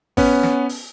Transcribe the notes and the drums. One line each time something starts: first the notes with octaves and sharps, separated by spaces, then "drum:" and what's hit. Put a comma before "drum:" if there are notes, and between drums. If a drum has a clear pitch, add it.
B3 C#4 B4, drum: kick G#1, open hi-hat
drum: snare
drum: open hi-hat